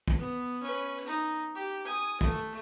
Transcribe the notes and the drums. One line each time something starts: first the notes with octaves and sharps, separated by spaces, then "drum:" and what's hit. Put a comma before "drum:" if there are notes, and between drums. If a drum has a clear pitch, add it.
drum: kick
B3
C#4 B4
D#4
G4
G#5 D#6
A3, drum: kick